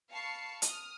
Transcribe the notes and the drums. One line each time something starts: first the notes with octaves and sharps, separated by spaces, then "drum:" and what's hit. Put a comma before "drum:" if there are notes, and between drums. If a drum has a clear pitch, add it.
F5 A5 B5 C#6 C7 C#7
D#6 F6, drum: hi-hat